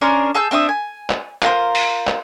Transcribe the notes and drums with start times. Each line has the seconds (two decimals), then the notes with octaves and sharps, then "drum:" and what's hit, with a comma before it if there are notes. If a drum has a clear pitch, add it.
0.01 C#4 D4 A#4 C6
0.35 G#4 A5 E6 G6
0.51 C4 D4 E5 D#6
0.69 G#5
1.10 drum: clap
1.42 F4 A#4 C5, drum: clap
1.75 drum: open hi-hat
2.07 drum: clap